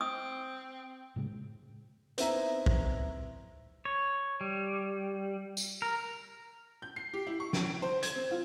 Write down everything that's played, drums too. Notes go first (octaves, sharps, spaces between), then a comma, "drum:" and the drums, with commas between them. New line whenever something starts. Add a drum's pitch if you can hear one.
C4 D#6
A2 C#3 G#3
B3 C4 D#4 E4 E5 A#5, drum: hi-hat
drum: kick
C#5
G3
drum: tambourine
A#4
G6
C7
G4
E4
C#6
D7, drum: snare
D7
C5
G#6, drum: hi-hat
C4
F4